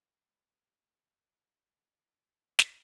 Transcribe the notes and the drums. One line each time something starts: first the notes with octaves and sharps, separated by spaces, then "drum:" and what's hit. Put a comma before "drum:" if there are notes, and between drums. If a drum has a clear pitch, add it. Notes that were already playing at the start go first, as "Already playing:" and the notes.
G2 G3 G#3 C4
drum: snare